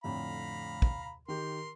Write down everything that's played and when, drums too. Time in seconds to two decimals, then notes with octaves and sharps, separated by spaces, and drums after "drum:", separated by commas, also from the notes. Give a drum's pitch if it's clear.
0.04 F2 A2 D3 F5 A#5 B5
0.82 drum: kick
1.28 D#3 G4 A#4 C6